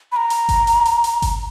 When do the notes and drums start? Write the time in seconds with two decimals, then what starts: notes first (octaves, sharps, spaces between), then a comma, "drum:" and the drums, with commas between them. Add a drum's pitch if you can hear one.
0.12 B5
0.16 A#5
0.30 drum: hi-hat
0.49 drum: kick G1, hi-hat
0.67 drum: hi-hat
0.85 drum: hi-hat
1.04 drum: hi-hat
1.22 drum: kick G1, hi-hat